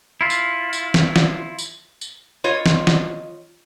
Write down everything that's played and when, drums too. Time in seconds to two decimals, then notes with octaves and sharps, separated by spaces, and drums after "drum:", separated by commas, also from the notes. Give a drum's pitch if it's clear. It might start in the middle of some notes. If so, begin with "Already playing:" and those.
0.21 E4 F4
0.30 drum: tambourine
0.73 drum: tambourine
0.94 drum: snare
1.16 drum: snare
1.58 drum: tambourine
2.01 drum: tambourine
2.44 F4 C#5 D#5
2.66 drum: snare
2.87 drum: snare